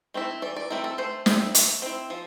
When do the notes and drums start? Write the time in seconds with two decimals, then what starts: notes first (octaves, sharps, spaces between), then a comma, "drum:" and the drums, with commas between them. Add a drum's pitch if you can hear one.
0.14 A3 C4 E4
0.42 E3 D5
0.56 D5
0.70 A3 C4 E4 A#4
0.84 A4
0.98 A3 C5
1.26 C4 E4, drum: snare
1.55 A3, drum: hi-hat
1.82 C4 E4
2.10 F3